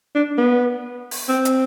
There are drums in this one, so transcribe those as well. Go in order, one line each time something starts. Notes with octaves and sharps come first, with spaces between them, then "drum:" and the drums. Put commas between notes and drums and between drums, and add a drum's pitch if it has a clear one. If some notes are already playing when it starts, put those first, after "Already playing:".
D4
B3
drum: open hi-hat
C4
drum: hi-hat